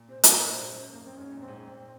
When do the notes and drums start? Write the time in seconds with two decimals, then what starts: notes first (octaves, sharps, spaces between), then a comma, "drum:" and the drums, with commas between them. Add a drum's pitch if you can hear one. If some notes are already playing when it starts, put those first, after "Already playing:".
Already playing: A#2
0.09 C3 C5
0.24 A#2 A#4, drum: hi-hat
0.44 A#2 C5
0.58 G#2
0.70 F#2
0.92 F2 A#3
1.05 F#2 C4
1.17 G#2 C#4
1.32 A#2
1.40 C4
1.48 G#2
1.63 A#2 C4